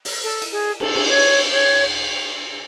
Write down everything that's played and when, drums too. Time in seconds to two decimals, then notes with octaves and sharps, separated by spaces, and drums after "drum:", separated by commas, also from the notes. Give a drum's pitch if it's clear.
0.05 drum: open hi-hat
0.23 A4
0.42 drum: cymbal
0.51 G#4
0.80 A4, drum: cymbal
0.95 drum: cymbal
1.08 C#5
1.52 C#5